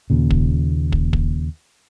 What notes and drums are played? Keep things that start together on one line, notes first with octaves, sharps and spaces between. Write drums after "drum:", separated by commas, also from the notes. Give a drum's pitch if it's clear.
D#2 A#2 C#3
drum: kick
drum: kick
drum: kick